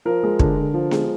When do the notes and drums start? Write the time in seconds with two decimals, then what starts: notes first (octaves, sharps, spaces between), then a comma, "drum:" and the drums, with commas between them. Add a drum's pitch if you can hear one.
0.05 F3 A#4
0.23 G#3
0.39 D3, drum: kick
0.57 D3
0.74 F3
0.91 G#3, drum: snare B3